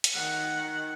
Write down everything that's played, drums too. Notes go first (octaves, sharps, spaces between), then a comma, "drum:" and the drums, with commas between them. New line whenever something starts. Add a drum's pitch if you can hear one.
drum: hi-hat
D#3 F#5